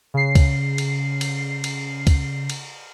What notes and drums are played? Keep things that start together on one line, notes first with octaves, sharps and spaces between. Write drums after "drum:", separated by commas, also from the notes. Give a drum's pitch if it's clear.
C#3 C7
drum: kick, cymbal
drum: cymbal
drum: cymbal
drum: cymbal
drum: kick, cymbal
drum: cymbal